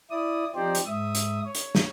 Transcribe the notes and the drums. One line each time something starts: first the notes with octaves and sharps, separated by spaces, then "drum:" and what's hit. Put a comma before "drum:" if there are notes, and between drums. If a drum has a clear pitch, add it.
E4 D5 D#6
F3 C4 D#4 G4 C5 D5
drum: hi-hat
G#2 E5 D#6
drum: hi-hat
C#5
drum: hi-hat
drum: snare